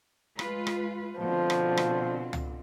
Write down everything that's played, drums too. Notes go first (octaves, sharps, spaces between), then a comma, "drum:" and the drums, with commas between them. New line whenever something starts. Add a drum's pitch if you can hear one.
G#3 F4 B4, drum: rim click
drum: rim click
B2 D3 F3 C4
drum: rim click
drum: rim click
drum: tom